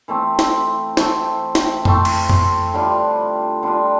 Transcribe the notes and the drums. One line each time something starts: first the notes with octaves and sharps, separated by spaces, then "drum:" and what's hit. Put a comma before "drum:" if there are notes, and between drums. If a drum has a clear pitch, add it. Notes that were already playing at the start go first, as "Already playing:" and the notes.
E3 A3 C4
drum: snare
E3 A3 C4, drum: snare
drum: snare
E3 A3 C4, drum: tom F2
drum: cymbal
drum: tom F2
D3 G3 D4 F4
D3 G3 D4 F4